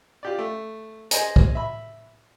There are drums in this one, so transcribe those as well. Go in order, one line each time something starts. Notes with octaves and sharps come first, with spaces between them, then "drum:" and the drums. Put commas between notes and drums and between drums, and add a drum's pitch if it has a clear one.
F4 G4 D5
A3
G#4 C5 D#5 G#5 A#5, drum: hi-hat
drum: kick
E5 B5